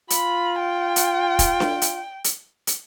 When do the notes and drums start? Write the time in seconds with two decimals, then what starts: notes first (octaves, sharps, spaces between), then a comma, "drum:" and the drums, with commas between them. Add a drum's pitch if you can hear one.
0.10 F4 B5, drum: hi-hat
0.59 G5
0.96 drum: hi-hat
1.39 drum: kick, hi-hat
1.60 drum: snare D4
1.82 drum: hi-hat
2.24 drum: hi-hat
2.67 drum: hi-hat